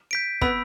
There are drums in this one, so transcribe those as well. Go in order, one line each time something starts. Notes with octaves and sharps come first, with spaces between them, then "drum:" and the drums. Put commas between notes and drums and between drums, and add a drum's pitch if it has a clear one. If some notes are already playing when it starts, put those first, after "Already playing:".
G6 B6 D7
B3 B5 E6 B6, drum: kick